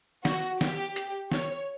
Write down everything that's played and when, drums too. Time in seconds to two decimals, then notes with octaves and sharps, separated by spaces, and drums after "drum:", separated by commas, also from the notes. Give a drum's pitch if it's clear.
0.25 F#4, drum: snare
0.61 G4, drum: snare
0.96 drum: hi-hat
1.32 C#5, drum: snare